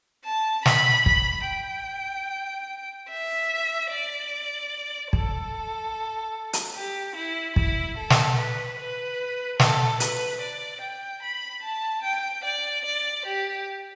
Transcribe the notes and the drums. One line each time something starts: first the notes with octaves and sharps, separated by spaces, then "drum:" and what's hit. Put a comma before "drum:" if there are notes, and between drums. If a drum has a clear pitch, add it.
A5
B5, drum: snare
B5, drum: kick
G5
E5
D5
A4, drum: kick
drum: hi-hat
G4
E4
E4, drum: kick
A4
drum: snare
B4
B4
A4, drum: snare
B4, drum: hi-hat
D5
G5
B5
A5
G5
D5
D5
G4